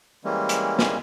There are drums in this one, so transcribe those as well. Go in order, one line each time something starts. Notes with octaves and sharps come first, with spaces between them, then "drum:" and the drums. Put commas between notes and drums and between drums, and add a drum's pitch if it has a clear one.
E3 G3 G#3 A#3 C#4
drum: hi-hat
drum: snare